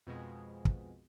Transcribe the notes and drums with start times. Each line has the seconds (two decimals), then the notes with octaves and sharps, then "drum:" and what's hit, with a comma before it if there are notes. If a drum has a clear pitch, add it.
0.07 F2 B2 G#3
0.65 drum: kick